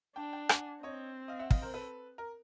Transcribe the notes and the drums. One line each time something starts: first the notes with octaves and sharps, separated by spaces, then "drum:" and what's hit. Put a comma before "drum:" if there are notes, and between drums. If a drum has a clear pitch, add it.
D4 G5 A5
G5 A5
F#5 G#5, drum: rim click
C4 C#5 D#5
D#5 F5
E5 F#5
D#5 F5, drum: kick
A#4 C5
A4 B4
A#4